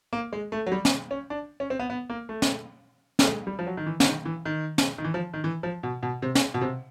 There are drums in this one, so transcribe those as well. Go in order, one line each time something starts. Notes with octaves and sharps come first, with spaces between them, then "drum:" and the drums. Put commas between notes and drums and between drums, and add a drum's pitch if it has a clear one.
A#3
G#3
A3
F#3
G3
drum: snare
C#4
D4
C#4
C4
B3
B3
A#3
A3
drum: snare
A3, drum: snare
G#3
G3
F3
F#3
D#3
E3
D3, drum: snare
D#3
E3
D#3
drum: snare
D#3
E3
F3
D#3
E3
F3
B2
B2
C3
drum: snare
B2
C3